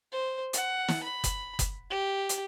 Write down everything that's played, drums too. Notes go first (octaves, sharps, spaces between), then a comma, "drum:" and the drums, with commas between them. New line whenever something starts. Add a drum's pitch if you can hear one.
C5
F#5, drum: hi-hat
drum: snare
B5
drum: kick F#1, hi-hat
drum: kick F#1, hi-hat
G4
drum: hi-hat